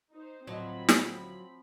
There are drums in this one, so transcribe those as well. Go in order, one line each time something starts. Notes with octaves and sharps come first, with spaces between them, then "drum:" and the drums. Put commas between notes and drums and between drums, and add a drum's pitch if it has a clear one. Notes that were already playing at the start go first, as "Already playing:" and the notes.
D#4 C5
D2 A2 F3 F#3 C4 D#5 B5
drum: snare